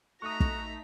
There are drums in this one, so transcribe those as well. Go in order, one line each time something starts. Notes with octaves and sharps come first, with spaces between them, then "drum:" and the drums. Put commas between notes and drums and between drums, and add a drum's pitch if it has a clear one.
A3 D#4 F#4 A#5 C#6 D#6 B6
drum: kick